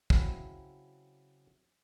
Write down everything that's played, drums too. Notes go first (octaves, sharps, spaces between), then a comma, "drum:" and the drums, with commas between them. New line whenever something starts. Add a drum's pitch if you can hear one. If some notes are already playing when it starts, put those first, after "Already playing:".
C#3 F#3 C4 E4, drum: kick